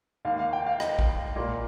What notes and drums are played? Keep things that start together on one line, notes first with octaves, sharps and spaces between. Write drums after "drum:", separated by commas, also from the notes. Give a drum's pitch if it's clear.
D#2 D#3 A#3 F5
F5
G5
F5
D#5, drum: rim click
drum: kick A1
A#2 A#3